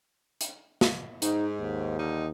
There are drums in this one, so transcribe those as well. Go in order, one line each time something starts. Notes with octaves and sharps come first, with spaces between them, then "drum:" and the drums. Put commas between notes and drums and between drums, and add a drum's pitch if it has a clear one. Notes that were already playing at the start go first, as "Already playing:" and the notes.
drum: hi-hat
drum: snare
G#2 D#4, drum: hi-hat
D#2
D3 G3 D#4